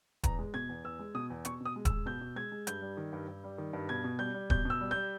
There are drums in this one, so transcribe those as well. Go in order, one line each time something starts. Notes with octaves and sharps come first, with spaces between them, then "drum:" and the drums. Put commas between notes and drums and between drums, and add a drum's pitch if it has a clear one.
E2 A#5, drum: kick D#1, hi-hat
G#3
B2 G#6
E2
E2 E6
G#3
B2 D#6
E2
B2 C#6, drum: hi-hat
B2
D#6
G#3
E6, drum: kick D#1, hi-hat
G#3
B2 G6
B2
G#3 G#6
G#3
G2 G6, drum: hi-hat
G3
D#3
G2
G2
G3
D#3
G2
B2 G#6
B2
G3 G6
G3
B2 G6, drum: kick D#1
B2 E6
G3
G6
G3